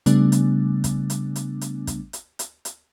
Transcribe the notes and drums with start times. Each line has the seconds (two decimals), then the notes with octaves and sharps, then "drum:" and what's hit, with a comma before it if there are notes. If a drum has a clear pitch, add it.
0.06 C#3 G3 A3 B3 D4, drum: hi-hat
0.32 drum: hi-hat
0.84 drum: kick, hi-hat
1.10 drum: hi-hat
1.36 drum: hi-hat
1.61 drum: hi-hat
1.87 drum: kick, hi-hat
2.13 drum: hi-hat
2.39 drum: hi-hat
2.65 drum: hi-hat